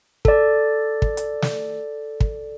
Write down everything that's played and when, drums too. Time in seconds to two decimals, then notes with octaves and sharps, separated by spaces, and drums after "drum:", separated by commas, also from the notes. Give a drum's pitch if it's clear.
0.25 A4 D5, drum: kick
1.02 drum: kick
1.17 drum: hi-hat
1.42 drum: snare
2.20 drum: kick